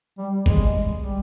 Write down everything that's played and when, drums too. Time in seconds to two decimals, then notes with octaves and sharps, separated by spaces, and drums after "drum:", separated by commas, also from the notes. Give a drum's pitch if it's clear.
0.18 G3
0.46 G#3, drum: kick
1.02 G3